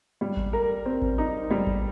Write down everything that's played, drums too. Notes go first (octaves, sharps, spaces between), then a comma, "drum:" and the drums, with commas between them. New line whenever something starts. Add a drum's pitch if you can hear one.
G3
drum: kick G#1
A#4
C4
drum: kick G#1
D#4
G3
drum: kick G#1